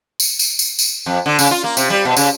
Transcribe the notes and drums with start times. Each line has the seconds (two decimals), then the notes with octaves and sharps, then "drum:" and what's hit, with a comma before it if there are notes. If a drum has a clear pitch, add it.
0.20 drum: tambourine
0.39 drum: tambourine
0.59 drum: tambourine
0.79 drum: tambourine
1.06 F2
1.26 D3
1.39 C#3, drum: tambourine
1.51 F4
1.64 A#3
1.77 C3, drum: tambourine
1.90 G3
2.05 B2
2.17 C#3, drum: tambourine